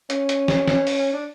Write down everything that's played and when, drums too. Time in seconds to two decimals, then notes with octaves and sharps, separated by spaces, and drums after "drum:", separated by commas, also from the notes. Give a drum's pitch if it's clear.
0.10 C#4, drum: hi-hat
0.29 drum: hi-hat
0.48 drum: snare
0.68 drum: snare
0.87 drum: open hi-hat
1.14 D4